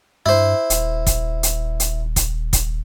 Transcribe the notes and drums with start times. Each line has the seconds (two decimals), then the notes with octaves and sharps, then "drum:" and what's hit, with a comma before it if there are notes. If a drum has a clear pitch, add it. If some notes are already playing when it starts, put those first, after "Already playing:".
0.26 G2 E4 C5
0.70 D#1, drum: hi-hat
1.07 drum: kick, hi-hat
1.43 drum: hi-hat
1.80 drum: hi-hat
2.16 drum: kick, hi-hat
2.53 drum: kick, hi-hat